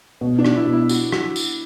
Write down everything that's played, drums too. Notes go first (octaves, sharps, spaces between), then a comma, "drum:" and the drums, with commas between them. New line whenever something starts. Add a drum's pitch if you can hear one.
B2
D4
F#4, drum: rim click
E4
B2
E4
F#4, drum: tambourine
F#4, drum: rim click
drum: tambourine